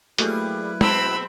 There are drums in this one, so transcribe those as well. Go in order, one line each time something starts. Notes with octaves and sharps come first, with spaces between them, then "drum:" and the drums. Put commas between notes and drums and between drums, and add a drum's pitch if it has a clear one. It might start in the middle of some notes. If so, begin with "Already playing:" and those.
F#3 G3 A3 A#3 E4 G#4 B4, drum: hi-hat
B2 C4 G#4 B5 E6 B6 D7, drum: tom